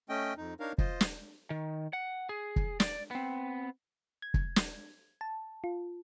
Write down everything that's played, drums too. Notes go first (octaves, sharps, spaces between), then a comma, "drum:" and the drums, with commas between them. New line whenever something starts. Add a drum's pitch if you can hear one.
A3 C#4 D#5 G5
F2 D#4
D4 D#4 A#4 C#5 F5
F4 C5 D#5, drum: kick
drum: snare
D#3
F#5
G#4
drum: kick
D5, drum: snare
B3 C4
G#6
drum: kick
drum: snare
A5
F4